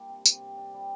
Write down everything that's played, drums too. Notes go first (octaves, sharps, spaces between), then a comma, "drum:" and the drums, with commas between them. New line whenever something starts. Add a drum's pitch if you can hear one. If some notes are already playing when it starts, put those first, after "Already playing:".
Already playing: G3 A#3 D4
C3
C3, drum: tambourine
C3
D4
G3